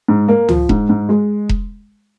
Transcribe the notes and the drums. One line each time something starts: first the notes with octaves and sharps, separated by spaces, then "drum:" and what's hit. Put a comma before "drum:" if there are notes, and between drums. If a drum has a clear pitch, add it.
G#2
A#3
F3, drum: tom
G#2, drum: kick E1
G#2
G#3
drum: kick E1